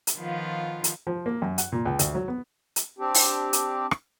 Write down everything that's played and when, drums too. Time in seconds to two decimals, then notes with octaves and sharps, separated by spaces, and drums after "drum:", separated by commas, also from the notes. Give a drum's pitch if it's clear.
0.07 drum: hi-hat
0.17 D#3 F3 B3 F4
0.84 drum: hi-hat
1.07 F3
1.26 A#3
1.42 F#2
1.58 F#5, drum: hi-hat
1.72 A#2
1.85 C#2
1.99 D2, drum: hi-hat
2.15 F#3
2.28 B3
2.76 drum: hi-hat
2.99 C4 D4 G4
3.14 drum: open hi-hat
3.53 drum: hi-hat
3.91 drum: rim click